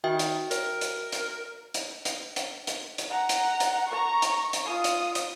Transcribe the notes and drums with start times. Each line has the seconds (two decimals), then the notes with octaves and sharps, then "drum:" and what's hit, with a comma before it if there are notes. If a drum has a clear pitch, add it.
0.04 D#3 F#4 E5 G5
0.19 drum: hi-hat
0.51 A#4, drum: hi-hat
0.81 drum: hi-hat
1.12 drum: hi-hat
1.74 drum: hi-hat
2.05 drum: hi-hat
2.36 drum: hi-hat
2.67 drum: hi-hat
2.98 drum: hi-hat
3.10 F#5 A#5
3.29 drum: hi-hat
3.60 drum: hi-hat
3.88 A#5 C#6
4.22 drum: hi-hat
4.53 drum: hi-hat
4.65 F4 D#6
4.84 drum: hi-hat
5.15 drum: hi-hat